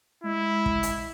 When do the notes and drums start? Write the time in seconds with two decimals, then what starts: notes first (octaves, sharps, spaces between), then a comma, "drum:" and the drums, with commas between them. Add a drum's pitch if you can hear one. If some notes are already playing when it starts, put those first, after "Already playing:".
0.24 G#3 E4
0.66 drum: kick
0.83 drum: hi-hat